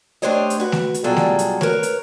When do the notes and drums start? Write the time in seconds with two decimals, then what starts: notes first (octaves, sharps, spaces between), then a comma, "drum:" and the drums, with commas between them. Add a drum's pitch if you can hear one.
0.22 A3 D4 G4 C5 C#5 D#5
0.50 drum: hi-hat
0.60 F#4 B4
0.72 drum: snare A3
0.94 drum: hi-hat
1.04 B2 F#3 G3 F4 G#4 A4
1.17 drum: snare A3
1.39 drum: hi-hat
1.61 A#4 B4 C#5, drum: snare A3
1.83 drum: hi-hat